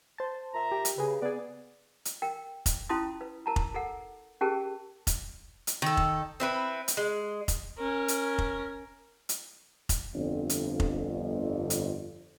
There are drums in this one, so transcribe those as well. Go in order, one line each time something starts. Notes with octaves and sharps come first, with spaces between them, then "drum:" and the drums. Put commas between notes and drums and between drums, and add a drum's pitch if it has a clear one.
C5 A5
A#2 E5 A#5
G4
drum: hi-hat
C#3 G#4 B4
B3 G#4 D5
drum: hi-hat
A#4 G5
drum: kick F1, hi-hat
C#4 E4 F4 A5 C6 D#6
B4
A#4 A5 A#5
drum: kick F1
A4 A#4 F#5
C#4 G4 G#4 A#4 A5
drum: kick F1, hi-hat
drum: hi-hat
D#3 A4
drum: kick F1
C4 E4 B4
drum: hi-hat
G#3
drum: kick F1, hi-hat
C#4 A#4
drum: hi-hat
drum: kick F1
drum: hi-hat
drum: kick F1, hi-hat
G1 F2
drum: hi-hat
drum: kick F1
drum: hi-hat